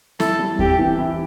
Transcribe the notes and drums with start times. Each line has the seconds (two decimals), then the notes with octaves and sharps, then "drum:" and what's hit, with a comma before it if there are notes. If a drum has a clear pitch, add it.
0.20 E4 A4, drum: snare
0.39 G3
0.59 C4 G4, drum: kick D#2
0.79 E3
0.99 E4